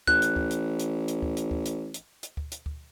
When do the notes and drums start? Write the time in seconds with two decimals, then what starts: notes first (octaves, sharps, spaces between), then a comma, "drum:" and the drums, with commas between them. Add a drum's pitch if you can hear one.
0.07 A1 F#6, drum: kick D2
0.22 drum: hi-hat
0.36 drum: kick D2
0.51 drum: hi-hat
0.79 drum: hi-hat
1.08 drum: hi-hat
1.22 drum: kick D2
1.37 drum: hi-hat
1.51 drum: kick D2
1.65 drum: hi-hat
1.94 drum: hi-hat
2.23 drum: hi-hat
2.37 drum: kick D2
2.52 drum: hi-hat
2.66 drum: kick D2